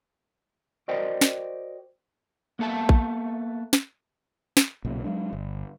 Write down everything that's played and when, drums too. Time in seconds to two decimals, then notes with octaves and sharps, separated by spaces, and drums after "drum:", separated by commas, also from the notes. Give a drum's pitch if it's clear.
0.88 F#4 A#4 C5 D5 D#5 G5
1.21 drum: snare
2.59 A#3 B3 A4 E5 A5
2.89 drum: kick A#1
3.73 drum: snare
4.57 drum: snare
4.85 B1 A#2 C#3
5.04 F#3 G#3 D4
5.33 G1